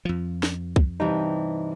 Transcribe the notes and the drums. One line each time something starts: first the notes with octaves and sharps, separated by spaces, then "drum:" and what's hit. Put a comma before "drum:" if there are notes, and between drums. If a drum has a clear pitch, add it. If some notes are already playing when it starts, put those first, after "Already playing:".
F2 F3
drum: snare
drum: kick C2
G2 C3 E3 D#4